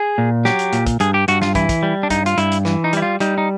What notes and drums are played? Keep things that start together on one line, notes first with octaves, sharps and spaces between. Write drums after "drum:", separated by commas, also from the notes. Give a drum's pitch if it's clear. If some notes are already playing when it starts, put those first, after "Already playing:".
Already playing: G#4
A#2
F#3 G4, drum: snare
drum: hi-hat
A#2, drum: hi-hat
drum: kick, hi-hat
G2 G#4, drum: hi-hat
G4
G2 F#4, drum: hi-hat
F4, drum: snare
E3 E4, drum: kick, hi-hat
drum: kick, hi-hat
G3
D4
G2 D#4, drum: kick, hi-hat
F4, drum: hi-hat
G2 E4, drum: hi-hat
drum: hi-hat
E3, drum: snare
D#4
G3 E4, drum: hi-hat
F4
G3 D#4, drum: hi-hat
D#4